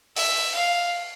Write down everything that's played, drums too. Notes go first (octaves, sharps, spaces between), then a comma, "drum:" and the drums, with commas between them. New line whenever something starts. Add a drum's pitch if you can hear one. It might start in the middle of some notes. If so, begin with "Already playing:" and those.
E5, drum: open hi-hat
F5